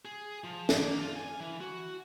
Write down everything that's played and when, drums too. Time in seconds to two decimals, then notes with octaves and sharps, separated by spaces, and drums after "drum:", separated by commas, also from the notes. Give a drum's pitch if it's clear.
0.05 G#4
0.44 F3
0.69 drum: snare
0.79 A#3
1.00 F4
1.16 G#5
1.40 E3
1.61 F#4